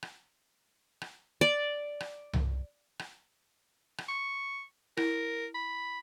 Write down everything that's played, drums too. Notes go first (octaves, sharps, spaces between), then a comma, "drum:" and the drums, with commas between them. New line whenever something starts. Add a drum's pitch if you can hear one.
drum: rim click
drum: rim click
D5
drum: rim click
drum: tom C2
drum: rim click
drum: rim click
C#6
E4 A#4, drum: rim click
B5